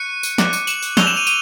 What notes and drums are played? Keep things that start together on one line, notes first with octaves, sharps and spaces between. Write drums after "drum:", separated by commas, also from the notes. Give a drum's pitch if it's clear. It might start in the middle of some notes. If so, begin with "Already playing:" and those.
Already playing: C#6 F#6 C#7 D#7
drum: tambourine
D6 F#6, drum: snare
drum: tambourine
E7 F#7, drum: tambourine
drum: tambourine
C#6 E6 G6 F7 G7, drum: snare
E7 F#7
D#7 F7
D#7 F7, drum: tambourine